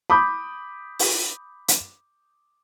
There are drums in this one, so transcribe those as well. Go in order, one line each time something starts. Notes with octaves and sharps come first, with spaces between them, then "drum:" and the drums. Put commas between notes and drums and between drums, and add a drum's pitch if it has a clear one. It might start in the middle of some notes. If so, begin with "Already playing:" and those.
B5 D6 D#6 G6
drum: open hi-hat
drum: hi-hat